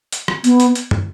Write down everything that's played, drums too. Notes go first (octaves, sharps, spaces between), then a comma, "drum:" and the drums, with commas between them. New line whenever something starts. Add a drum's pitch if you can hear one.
drum: hi-hat
drum: rim click
B3, drum: hi-hat
drum: hi-hat
drum: hi-hat
drum: tom